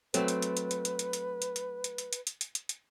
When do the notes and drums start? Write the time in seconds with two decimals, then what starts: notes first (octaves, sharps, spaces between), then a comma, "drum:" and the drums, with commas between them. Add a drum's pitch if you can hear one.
0.14 F#3 A3 C4 B4, drum: hi-hat
0.28 drum: hi-hat
0.42 drum: hi-hat
0.57 drum: hi-hat
0.71 drum: hi-hat
0.85 drum: hi-hat
0.99 drum: hi-hat
1.13 drum: hi-hat
1.42 drum: hi-hat
1.56 drum: hi-hat
1.84 drum: hi-hat
1.98 drum: hi-hat
2.13 drum: hi-hat
2.27 drum: hi-hat
2.41 drum: hi-hat
2.55 drum: hi-hat
2.69 drum: hi-hat